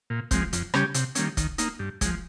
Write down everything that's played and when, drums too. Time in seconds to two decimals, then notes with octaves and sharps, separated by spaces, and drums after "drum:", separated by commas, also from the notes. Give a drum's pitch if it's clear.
0.10 A#2
0.31 F3 G#3 C4, drum: kick, hi-hat
0.53 F2, drum: hi-hat
0.74 C#3 G3 C#4 G4, drum: rim click
0.94 C3, drum: hi-hat
1.15 D#3 G3 A#3 C#4, drum: hi-hat
1.37 D#3, drum: kick, hi-hat
1.58 A#3 D#4, drum: hi-hat
1.79 G2
2.01 F3 G#3, drum: kick, hi-hat